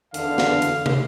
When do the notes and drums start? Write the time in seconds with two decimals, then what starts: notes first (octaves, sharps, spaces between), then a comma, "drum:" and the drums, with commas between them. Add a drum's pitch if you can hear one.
0.14 E2 D3 F5, drum: hi-hat
0.38 drum: snare
0.62 drum: hi-hat
0.86 drum: tom